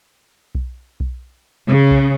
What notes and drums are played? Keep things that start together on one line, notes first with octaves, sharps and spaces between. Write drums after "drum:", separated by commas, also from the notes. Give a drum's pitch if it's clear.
drum: kick B1
drum: kick B1
C#3
drum: kick B1